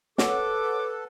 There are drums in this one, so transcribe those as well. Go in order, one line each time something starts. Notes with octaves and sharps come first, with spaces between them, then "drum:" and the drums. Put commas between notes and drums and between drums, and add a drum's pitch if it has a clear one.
A4 B4 C#5 F#5 D6, drum: snare